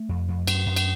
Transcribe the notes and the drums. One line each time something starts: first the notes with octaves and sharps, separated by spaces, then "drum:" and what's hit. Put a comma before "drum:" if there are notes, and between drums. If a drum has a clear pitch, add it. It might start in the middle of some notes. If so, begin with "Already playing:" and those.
Already playing: A3
F2
F2
F#2, drum: cymbal
F#2
drum: cymbal